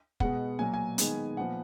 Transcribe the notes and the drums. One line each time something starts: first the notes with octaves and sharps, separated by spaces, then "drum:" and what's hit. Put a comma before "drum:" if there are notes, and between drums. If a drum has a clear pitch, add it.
B2 G#3 B3 F#5, drum: kick
A#2 F#3 A#3 G#5
G#5
D#3 G#3 B3, drum: hi-hat
A#2 F3 B3 F#5